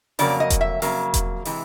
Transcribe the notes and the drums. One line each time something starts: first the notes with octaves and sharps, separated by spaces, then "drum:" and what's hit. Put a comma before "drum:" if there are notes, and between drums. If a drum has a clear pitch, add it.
F2 C#3 F#3 A#3 D5, drum: open hi-hat
D#5
drum: kick E1, hi-hat
E5
F2 C#3 F#3 A#3, drum: open hi-hat
drum: kick E1, hi-hat
C3 E3 G#3, drum: open hi-hat